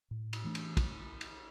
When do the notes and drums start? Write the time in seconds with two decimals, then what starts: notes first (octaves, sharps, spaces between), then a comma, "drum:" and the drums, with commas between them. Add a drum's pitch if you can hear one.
0.11 A2
0.33 drum: cymbal
0.44 E3 A3 D4
0.55 drum: cymbal
0.77 drum: kick, cymbal
1.21 drum: cymbal